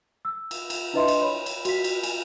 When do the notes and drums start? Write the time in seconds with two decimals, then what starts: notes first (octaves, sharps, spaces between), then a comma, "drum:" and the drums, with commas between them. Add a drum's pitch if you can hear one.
0.25 E6
0.51 drum: cymbal
0.70 drum: cymbal
0.93 D4 E4 B4 D#5 E5 C6
1.08 drum: cymbal
1.22 C#5 B5
1.46 drum: cymbal
1.65 F#4 B6, drum: cymbal
1.84 drum: cymbal
2.03 G#5, drum: cymbal